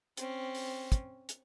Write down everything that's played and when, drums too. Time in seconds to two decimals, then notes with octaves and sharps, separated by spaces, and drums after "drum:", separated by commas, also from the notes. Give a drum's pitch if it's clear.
0.17 C4 C#4, drum: hi-hat
0.55 drum: open hi-hat
0.92 drum: kick, hi-hat
1.29 drum: hi-hat